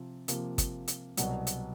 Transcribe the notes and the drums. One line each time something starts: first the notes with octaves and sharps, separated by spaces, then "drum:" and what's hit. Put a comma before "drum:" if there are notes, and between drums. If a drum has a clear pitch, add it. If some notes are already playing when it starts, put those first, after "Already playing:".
Already playing: C3 F3
C3 F3 A#3, drum: hi-hat
drum: kick, hi-hat
drum: hi-hat
C2 B2 F#3, drum: hi-hat
drum: hi-hat